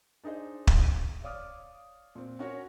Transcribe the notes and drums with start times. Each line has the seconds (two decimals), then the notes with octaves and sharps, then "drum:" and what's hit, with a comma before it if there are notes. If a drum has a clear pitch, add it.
0.24 D4 D#4 G#4 C5 D#5
0.67 drum: kick
1.22 C#5 D5 F5 D6 D#6 F6
2.15 A#2 C4
2.39 C#4 F#4 A#4 C#5